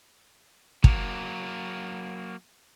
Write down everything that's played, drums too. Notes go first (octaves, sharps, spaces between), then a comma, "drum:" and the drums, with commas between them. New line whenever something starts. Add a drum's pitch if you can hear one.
F#3 A#3, drum: kick